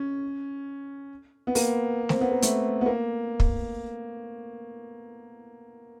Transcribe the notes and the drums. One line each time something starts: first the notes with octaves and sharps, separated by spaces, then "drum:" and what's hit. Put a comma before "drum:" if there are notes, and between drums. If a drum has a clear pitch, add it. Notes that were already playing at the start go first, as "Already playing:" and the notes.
Already playing: C#4
B3
A#3, drum: open hi-hat
C4, drum: snare A3
B3
A#3
A3, drum: hi-hat
B3
A#3
drum: kick